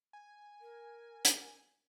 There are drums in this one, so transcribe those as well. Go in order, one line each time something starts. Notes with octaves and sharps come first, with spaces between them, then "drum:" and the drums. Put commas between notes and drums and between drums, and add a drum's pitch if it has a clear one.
G#5
A#4
drum: hi-hat